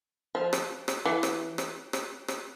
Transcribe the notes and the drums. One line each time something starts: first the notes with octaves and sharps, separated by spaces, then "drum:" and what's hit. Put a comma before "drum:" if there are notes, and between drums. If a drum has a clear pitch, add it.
F3
drum: rim click
drum: rim click
E3
drum: rim click
drum: rim click
drum: rim click
drum: rim click